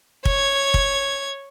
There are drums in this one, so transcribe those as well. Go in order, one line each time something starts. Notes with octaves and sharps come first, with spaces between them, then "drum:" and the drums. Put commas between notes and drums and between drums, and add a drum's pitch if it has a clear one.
C#5 G#6, drum: kick
drum: kick